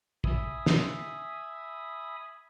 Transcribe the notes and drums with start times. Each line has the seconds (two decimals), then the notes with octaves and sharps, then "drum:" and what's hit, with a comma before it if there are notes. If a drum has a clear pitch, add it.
0.24 E5 G#5 B5 D#6, drum: kick
0.66 drum: snare